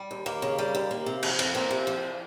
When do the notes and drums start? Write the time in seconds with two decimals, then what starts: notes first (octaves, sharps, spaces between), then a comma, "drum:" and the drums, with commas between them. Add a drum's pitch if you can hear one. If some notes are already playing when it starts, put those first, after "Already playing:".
Already playing: G3
0.11 D#2
0.26 D#2 A#3
0.42 C#3
0.58 G3
0.75 D#2
0.91 A#3
1.06 C3
1.23 F3, drum: cymbal
1.39 F2, drum: cymbal
1.55 A#3 C4
1.71 C3
1.87 F3